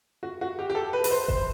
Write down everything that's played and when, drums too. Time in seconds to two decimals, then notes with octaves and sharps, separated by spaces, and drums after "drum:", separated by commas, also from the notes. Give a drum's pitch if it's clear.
0.23 F#4
0.41 F#4
0.59 G4
0.70 G4
0.75 A4
0.93 B4
1.04 B4, drum: open hi-hat
1.11 C5
1.28 C5, drum: kick G1